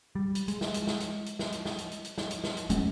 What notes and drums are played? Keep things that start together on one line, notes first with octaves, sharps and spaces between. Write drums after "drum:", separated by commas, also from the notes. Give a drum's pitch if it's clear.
G3
drum: hi-hat
G#3, drum: hi-hat
drum: snare
drum: hi-hat
drum: snare
drum: hi-hat
drum: hi-hat
drum: snare
drum: hi-hat
drum: snare
drum: hi-hat
drum: hi-hat
drum: hi-hat
drum: snare
drum: hi-hat
drum: snare
drum: hi-hat
F#3 G#3 B3 C#4, drum: hi-hat